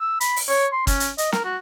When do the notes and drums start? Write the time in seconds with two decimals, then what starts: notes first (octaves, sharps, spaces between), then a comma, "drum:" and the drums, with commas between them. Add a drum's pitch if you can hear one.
0.01 E6
0.20 B5, drum: hi-hat
0.36 drum: open hi-hat
0.49 C#5
0.72 C6
0.87 C#4, drum: kick, hi-hat
1.00 drum: hi-hat
1.18 D#5, drum: hi-hat
1.32 A#4, drum: snare
1.44 F#4